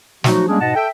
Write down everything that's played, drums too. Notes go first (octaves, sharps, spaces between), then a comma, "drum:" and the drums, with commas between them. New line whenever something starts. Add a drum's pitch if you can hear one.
F3 F#3 A3 D#4 F#4, drum: snare
G3 G#3 A#3 C#4 D4 G#4
G#2 B2 D#5 F#5 A5
A4 E5 G5